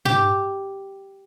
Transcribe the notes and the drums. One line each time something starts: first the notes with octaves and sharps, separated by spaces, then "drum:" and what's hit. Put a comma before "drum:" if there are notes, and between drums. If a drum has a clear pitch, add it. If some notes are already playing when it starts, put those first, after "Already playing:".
G4, drum: tom